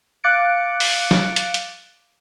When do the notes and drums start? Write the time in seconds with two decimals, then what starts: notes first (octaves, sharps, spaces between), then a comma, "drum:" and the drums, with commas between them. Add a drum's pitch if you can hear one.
0.24 F5 D6 F#6 A6 C#7 D7
0.80 drum: open hi-hat
1.11 drum: snare
1.36 drum: hi-hat
1.54 drum: hi-hat